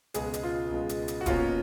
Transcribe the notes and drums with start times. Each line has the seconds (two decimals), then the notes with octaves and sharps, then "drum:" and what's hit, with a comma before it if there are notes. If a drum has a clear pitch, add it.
0.14 C#2 B2 G#3 G#4, drum: hi-hat
0.34 drum: hi-hat
0.43 F4
0.71 C#2 B2 G#3
0.89 drum: hi-hat
1.08 drum: hi-hat
1.21 F#4
1.26 B2 A#3 C#4 F4, drum: kick, hi-hat